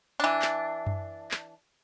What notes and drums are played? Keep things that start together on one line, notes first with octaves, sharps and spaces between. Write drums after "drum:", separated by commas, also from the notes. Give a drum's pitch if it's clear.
E3 D4
drum: clap
drum: tom F#2
drum: clap